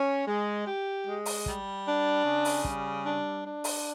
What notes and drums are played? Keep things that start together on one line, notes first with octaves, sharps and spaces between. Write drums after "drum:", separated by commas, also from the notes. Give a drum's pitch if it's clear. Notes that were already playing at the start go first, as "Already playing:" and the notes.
Already playing: C#4
G#3
G4
G#3
drum: open hi-hat
G3, drum: kick
D4
C#3
drum: open hi-hat
G3, drum: kick
D4
D4
drum: open hi-hat